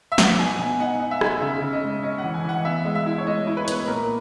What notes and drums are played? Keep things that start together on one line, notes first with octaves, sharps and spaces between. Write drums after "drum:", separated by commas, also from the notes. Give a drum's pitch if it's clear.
E5
B3 F#5, drum: snare
B2 G#5
B2 G#5
D#4 F#5
D#4
E5
D#4, drum: rim click
C#3 E5
C#3
D#5
G#3
C#4 D#5
F#5
E3
G#5
E3 F#5
B3 E5
G#3
E5
E4
C#5
G#3 D#5
E4
B4
C#5
B3 B4, drum: hi-hat
A#2 A#4